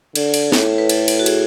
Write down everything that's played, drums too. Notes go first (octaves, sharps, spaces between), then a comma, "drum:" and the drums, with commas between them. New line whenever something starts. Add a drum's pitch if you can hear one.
D3, drum: cymbal
drum: cymbal
A2, drum: snare
B4
A4, drum: cymbal
drum: cymbal
F#4
G#4, drum: cymbal